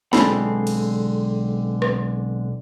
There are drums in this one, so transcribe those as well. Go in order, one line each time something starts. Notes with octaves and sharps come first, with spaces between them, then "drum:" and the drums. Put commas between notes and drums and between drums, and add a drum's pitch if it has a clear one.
B1 D3 G#3 C4 A4 B5, drum: snare
drum: cymbal
drum: rim click